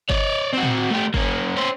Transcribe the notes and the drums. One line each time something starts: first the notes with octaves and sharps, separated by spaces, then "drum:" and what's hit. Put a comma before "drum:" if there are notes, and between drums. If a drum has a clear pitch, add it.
C#5 D5, drum: kick G1
C4 F#4
drum: tom A2
A3 G4
A#3 C#4, drum: kick G1
C#4 C5